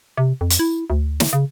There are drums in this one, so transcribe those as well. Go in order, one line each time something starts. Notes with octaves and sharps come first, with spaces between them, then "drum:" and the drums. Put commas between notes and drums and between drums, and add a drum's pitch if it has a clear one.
C3
F2
drum: hi-hat
E4
D2
drum: snare
C#3